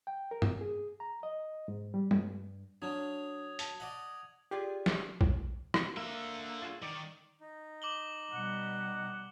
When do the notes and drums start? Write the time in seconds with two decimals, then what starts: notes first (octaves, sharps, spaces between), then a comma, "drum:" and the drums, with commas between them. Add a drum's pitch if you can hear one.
0.07 G5
0.31 A#4
0.42 drum: tom
0.61 G#4
1.00 A#5
1.23 D#5
1.68 G#2
1.94 G3
2.11 G2, drum: tom
2.82 F#3 C#4 D4 D#6 G#6 F7
3.59 A5, drum: hi-hat
3.80 D5 D#5 F#5
4.51 F4 G4 G#4 D5
4.86 drum: snare
5.21 drum: kick
5.74 drum: rim click
5.97 D3 A#3 E5
6.62 F4 F#4 G#4
6.82 D#3 D5
7.41 D#4
7.82 D6 F#7 G7
8.32 B2 G3 F#5